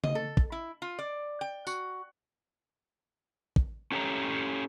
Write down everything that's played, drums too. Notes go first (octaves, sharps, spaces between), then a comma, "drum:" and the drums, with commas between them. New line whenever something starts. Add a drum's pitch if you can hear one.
D#5, drum: tom C#3
A4
drum: kick
E4
F4
D5
G5
F#4, drum: tambourine
drum: kick
C#4 G4 A4 C#5 A5 A#5